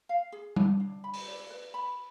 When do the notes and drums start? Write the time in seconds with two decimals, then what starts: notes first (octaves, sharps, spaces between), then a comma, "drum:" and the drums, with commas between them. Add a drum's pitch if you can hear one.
0.09 F5
0.32 G#4
0.56 D4, drum: tom G3
0.80 D4
1.04 B5
1.14 drum: open hi-hat
1.27 D5
1.50 B4
1.74 B5